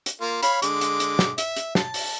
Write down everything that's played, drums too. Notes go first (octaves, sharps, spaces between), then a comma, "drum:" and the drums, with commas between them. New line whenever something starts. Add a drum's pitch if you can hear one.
drum: hi-hat
A#3 F4
C#5 F5 B5, drum: hi-hat
D3 G#3 D6, drum: hi-hat
drum: hi-hat
drum: hi-hat
drum: snare
E5, drum: hi-hat
drum: hi-hat
A5, drum: snare
drum: open hi-hat